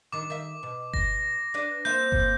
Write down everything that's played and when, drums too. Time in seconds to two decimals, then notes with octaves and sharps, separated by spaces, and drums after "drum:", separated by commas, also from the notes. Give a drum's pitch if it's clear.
0.12 D3 D#3 D6
0.30 D#3 E5
0.63 B2
0.94 A#6, drum: kick G1
1.54 D4 B4 D5
1.85 A#3 C4 E5 G6
2.12 drum: kick G1